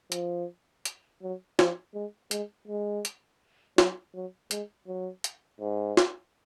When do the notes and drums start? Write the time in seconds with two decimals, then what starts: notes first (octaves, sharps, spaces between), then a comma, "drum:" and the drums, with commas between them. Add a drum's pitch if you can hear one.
0.12 F3, drum: hi-hat
0.85 drum: hi-hat
1.23 F#3
1.59 F3, drum: snare
1.95 G#3
2.31 G#3, drum: hi-hat
2.68 G#3
3.05 drum: hi-hat
3.78 F#3, drum: snare
4.15 F#3
4.51 G#3, drum: hi-hat
4.87 F#3
5.24 drum: hi-hat
5.60 G#2
5.97 drum: snare